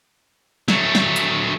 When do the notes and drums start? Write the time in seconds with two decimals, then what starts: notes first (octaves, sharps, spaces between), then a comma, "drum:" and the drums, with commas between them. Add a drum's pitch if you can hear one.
0.68 F#3 A3, drum: snare
0.95 drum: snare
1.16 drum: hi-hat